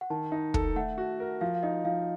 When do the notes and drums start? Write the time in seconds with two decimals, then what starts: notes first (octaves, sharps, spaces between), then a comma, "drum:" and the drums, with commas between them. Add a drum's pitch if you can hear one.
0.01 F#5
0.10 D#3 A5
0.32 D#4
0.54 A4, drum: kick
0.76 A3 F#5
0.98 F#4
1.20 A#4
1.41 F3 F5
1.55 F5
1.63 D#4 D#5
1.85 F3 F5